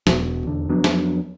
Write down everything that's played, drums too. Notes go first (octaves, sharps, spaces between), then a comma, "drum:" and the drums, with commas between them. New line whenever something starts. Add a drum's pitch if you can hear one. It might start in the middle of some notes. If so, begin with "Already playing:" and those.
E1 B2, drum: snare
E2 D3
F2 F#3 B3 D4
drum: snare